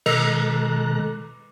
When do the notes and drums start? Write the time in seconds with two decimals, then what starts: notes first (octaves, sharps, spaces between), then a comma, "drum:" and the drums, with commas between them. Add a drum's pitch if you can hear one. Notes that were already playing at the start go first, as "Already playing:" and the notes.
0.06 B2 D#3 G#3 A4 A#5 F#6, drum: cymbal